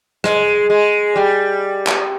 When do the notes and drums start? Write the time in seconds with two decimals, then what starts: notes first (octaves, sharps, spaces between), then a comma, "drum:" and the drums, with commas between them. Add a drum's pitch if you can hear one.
0.24 G#3, drum: rim click
0.70 G#3
1.16 G3
1.87 drum: clap